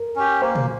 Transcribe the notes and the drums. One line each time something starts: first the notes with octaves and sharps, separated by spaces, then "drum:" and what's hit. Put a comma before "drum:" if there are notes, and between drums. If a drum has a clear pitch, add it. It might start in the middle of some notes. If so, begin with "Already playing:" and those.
Already playing: A#4
C#4 G4
A#3 C5
drum: tom A#2